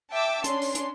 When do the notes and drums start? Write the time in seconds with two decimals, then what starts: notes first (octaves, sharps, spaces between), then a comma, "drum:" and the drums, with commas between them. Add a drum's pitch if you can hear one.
0.12 E5 G5 A5 D6 E6
0.44 C#4 D4 C6, drum: hi-hat
0.61 drum: open hi-hat
0.75 drum: hi-hat